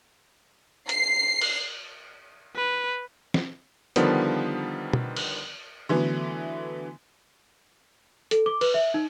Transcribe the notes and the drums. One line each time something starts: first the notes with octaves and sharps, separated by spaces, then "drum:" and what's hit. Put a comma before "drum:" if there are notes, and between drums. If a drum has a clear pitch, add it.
C7, drum: hi-hat
drum: cymbal
B4
drum: snare
D3 D#3 F3 G3 B3, drum: hi-hat
drum: tom
drum: cymbal
D3 E3 F#3 A3 B3
A4, drum: hi-hat
D6
B4, drum: cymbal
E5
D#4